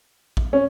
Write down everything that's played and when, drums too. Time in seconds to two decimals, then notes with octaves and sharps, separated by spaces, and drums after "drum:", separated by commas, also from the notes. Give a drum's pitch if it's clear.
0.37 drum: kick A1
0.53 C#4